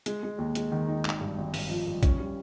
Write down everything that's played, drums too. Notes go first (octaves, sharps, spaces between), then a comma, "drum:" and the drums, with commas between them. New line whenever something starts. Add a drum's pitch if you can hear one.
G#3, drum: hi-hat
G#3
D#2
G#3, drum: hi-hat
D#3
D#4
G#1, drum: clap
G2
G#1
G2, drum: open hi-hat
F3
G2
C#4, drum: kick A#1, hi-hat
G3